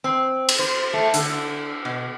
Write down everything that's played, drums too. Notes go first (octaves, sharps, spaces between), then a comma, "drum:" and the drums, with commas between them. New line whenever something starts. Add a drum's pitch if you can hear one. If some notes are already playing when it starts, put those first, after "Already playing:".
C4
drum: cymbal
C5
A3
D3, drum: hi-hat
B2